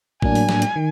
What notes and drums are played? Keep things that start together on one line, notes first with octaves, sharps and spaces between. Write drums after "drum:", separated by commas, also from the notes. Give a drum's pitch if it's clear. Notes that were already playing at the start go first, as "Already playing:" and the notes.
A2 F#3 A#3 D4 G#5, drum: kick G#1
drum: open hi-hat
drum: snare
drum: hi-hat
D#3